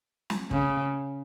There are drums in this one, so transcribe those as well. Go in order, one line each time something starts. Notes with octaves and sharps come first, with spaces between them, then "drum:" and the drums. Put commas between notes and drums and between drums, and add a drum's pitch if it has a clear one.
drum: snare
C#3, drum: kick